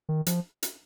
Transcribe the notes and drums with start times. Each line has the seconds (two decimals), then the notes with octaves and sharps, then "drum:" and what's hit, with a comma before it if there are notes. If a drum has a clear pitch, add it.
0.09 D#3
0.26 F3, drum: hi-hat
0.63 drum: hi-hat